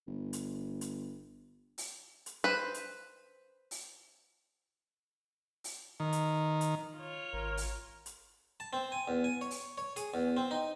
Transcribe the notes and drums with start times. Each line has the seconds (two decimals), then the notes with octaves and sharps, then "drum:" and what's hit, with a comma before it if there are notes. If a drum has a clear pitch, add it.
0.07 G1
0.33 drum: hi-hat
0.81 drum: hi-hat
1.78 drum: open hi-hat
2.26 drum: hi-hat
2.44 B4 C5
2.74 drum: hi-hat
3.71 drum: open hi-hat
5.64 drum: open hi-hat
6.00 D#3
6.12 drum: hi-hat
6.61 drum: hi-hat
6.97 F4 C#5
7.33 G#1 A#4
7.57 drum: open hi-hat
8.06 drum: hi-hat
8.60 A5
8.73 C4
8.92 G#5
9.08 E2
9.24 G#5
9.41 C#5
9.51 drum: open hi-hat
9.78 C#5
9.96 G#4, drum: hi-hat
10.14 E2
10.37 C4
10.51 D#4